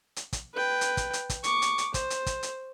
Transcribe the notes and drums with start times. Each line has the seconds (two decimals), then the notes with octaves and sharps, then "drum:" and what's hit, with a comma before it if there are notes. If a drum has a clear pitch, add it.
0.16 drum: hi-hat
0.33 drum: kick, hi-hat
0.54 B4 G5
0.81 drum: hi-hat
0.97 drum: kick, hi-hat
1.13 drum: hi-hat
1.30 drum: kick, hi-hat
1.44 C#6 D6, drum: hi-hat
1.62 drum: hi-hat
1.78 drum: hi-hat
1.94 C5, drum: kick, hi-hat
2.10 drum: hi-hat
2.26 drum: kick, hi-hat
2.43 drum: hi-hat